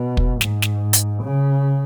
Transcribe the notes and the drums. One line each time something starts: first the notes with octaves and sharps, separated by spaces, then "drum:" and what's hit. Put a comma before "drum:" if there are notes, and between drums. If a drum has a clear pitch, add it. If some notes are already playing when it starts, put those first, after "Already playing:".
Already playing: B2
drum: kick
G#2, drum: snare
drum: snare
drum: hi-hat
C#3